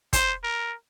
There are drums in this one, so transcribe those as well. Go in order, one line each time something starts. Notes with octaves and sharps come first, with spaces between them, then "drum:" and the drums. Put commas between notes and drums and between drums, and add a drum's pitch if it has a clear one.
C5, drum: kick, hi-hat
A#4